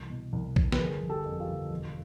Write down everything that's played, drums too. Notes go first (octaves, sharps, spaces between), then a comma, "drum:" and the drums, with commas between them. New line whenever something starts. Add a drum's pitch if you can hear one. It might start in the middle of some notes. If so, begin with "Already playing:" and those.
Already playing: C2 E3
B2
C2
C2, drum: kick A#1
B4, drum: snare
G1 G#4 A#4
G1
G4 A4
F2
F4 G4
G1
E1